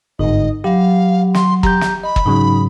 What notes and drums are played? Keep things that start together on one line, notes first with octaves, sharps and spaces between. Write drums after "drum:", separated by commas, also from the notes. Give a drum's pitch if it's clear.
G1 G#2 D#4 D#5
F#3 G4 F5
C6, drum: snare
G4 A#5 G6, drum: kick
drum: snare
D#5 B5
drum: kick
G#2 C#3 F#3 D#4